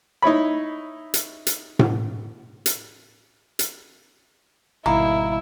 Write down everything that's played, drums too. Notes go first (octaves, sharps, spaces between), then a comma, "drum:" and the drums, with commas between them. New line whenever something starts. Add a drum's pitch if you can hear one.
D#4 E4 C#5 B5
drum: hi-hat
drum: hi-hat
drum: tom A2
drum: hi-hat
drum: hi-hat
G#1 B2 D#3 G3 A#3 E4